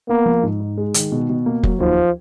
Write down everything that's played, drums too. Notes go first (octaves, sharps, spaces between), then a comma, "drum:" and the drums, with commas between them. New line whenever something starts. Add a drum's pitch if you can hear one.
A#3 B3
F3
G#2
D#4
G#3
D#3, drum: hi-hat
B2
B2
A#3
F#3, drum: kick F1
D#2 F3